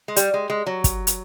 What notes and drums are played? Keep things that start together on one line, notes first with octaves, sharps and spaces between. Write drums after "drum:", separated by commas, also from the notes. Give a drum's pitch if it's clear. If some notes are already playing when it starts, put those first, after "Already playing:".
G#3
G3, drum: hi-hat
G#3
G#3
F#3
drum: kick, hi-hat
drum: hi-hat